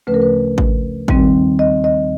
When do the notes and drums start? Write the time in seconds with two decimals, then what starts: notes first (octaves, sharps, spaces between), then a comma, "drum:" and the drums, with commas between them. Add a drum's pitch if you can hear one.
0.07 D2 C#3 F3 A3 C#4 B4
0.14 A#4
0.22 B4
0.58 drum: kick G#1
1.08 D#2 D#3 G3 C4, drum: kick G#1
1.59 D#5
1.84 D#5